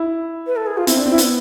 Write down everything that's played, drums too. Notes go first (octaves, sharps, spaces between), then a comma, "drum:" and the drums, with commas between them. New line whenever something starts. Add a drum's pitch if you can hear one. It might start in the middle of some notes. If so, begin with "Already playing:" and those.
Already playing: E4
B4
A4
G#4
F4
C4 E4, drum: hi-hat
D4
C4
E4
B3, drum: hi-hat